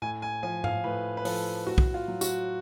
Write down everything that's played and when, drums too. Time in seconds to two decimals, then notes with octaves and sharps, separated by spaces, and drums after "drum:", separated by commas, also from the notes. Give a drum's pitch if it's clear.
0.02 A2 G#5
0.22 G#5
0.43 F3 G#5
0.64 F5, drum: tom
0.84 A2 B4
1.17 B4
1.25 F3 A4, drum: open hi-hat
1.66 A2 F#4
1.78 drum: kick B1
1.94 F4
2.08 F#3
2.21 F#4, drum: tambourine